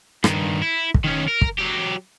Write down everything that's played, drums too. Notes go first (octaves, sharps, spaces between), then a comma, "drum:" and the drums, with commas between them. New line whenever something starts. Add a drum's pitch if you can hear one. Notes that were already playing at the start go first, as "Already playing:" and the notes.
G2 D#3, drum: rim click
E4
drum: kick
D#3 C#4
A#4
drum: kick
F#3 G4